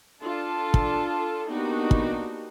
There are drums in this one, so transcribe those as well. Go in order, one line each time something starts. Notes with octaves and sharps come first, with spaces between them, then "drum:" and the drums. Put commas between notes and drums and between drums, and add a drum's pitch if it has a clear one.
D4 F4 A4 A5
drum: kick
A#3 B3 D4 D#4 F#4 G4
drum: kick